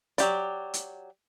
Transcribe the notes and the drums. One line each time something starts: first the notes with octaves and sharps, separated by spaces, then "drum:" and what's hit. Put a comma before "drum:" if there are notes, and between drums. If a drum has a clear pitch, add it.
F#3 G4 D5, drum: hi-hat
drum: hi-hat